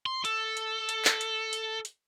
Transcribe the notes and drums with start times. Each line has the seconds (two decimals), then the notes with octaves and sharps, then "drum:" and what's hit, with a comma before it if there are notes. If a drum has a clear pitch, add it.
0.06 C6
0.25 A4, drum: hi-hat
0.57 drum: hi-hat
0.89 drum: hi-hat
1.05 drum: clap
1.21 drum: hi-hat
1.53 drum: hi-hat
1.85 drum: hi-hat